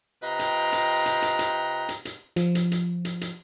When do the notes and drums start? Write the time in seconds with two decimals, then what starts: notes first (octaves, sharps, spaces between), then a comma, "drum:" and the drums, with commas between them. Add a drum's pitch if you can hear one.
0.23 C3 F4 B4 D#5 G5 A#5
0.39 drum: hi-hat
0.73 drum: hi-hat
1.06 drum: hi-hat
1.22 drum: hi-hat
1.39 drum: hi-hat
1.89 drum: hi-hat
2.05 drum: hi-hat
2.36 F3, drum: hi-hat
2.55 drum: hi-hat
2.72 drum: hi-hat
3.05 drum: hi-hat
3.21 drum: hi-hat